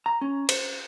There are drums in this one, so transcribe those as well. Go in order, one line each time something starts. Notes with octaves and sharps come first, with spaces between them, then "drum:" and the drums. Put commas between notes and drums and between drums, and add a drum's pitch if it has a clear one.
A#5
C#4
C5, drum: cymbal